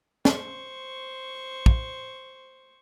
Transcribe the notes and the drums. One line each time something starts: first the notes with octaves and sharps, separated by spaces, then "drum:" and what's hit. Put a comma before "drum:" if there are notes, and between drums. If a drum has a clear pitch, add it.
C5 C#6, drum: snare
drum: kick